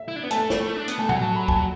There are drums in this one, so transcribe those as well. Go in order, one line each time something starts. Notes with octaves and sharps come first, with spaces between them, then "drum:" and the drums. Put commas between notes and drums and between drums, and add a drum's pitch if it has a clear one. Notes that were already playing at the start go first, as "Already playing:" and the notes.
Already playing: E5
E4
D4
B3
A3 A5, drum: hi-hat
drum: snare
D4
B3, drum: hi-hat
A3 A5
F#3 F#5, drum: tom A2
A5
B5
A5, drum: kick